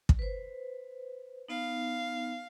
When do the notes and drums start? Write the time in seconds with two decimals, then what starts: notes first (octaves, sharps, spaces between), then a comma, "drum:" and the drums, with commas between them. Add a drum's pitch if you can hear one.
0.09 drum: kick
0.19 B4 C5
1.49 B3 D#4 F5